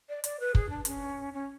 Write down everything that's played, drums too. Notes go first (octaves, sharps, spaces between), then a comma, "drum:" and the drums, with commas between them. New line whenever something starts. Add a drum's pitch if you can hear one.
D5
D5, drum: hi-hat
B4
G#4, drum: kick
D4
C#4, drum: hi-hat
C#4